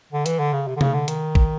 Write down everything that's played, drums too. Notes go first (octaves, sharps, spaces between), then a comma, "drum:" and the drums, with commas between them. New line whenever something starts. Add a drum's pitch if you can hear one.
D3
E3, drum: hi-hat
D3
C#3
C3
D3
C#3, drum: tom C3
D3
D#3, drum: hi-hat
drum: kick